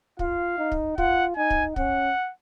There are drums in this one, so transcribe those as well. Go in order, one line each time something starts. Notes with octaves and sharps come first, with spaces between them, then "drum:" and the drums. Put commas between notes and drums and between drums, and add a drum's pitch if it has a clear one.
F4 F5, drum: kick
D#4
drum: kick
F4 F#5, drum: kick
D#4 G#5
drum: kick
C#4 F#5, drum: kick